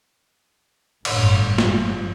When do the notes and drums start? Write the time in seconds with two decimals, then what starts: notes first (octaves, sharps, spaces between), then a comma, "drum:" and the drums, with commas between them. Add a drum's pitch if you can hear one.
1.05 G1 F#2 A2 D3, drum: cymbal
1.58 F3, drum: snare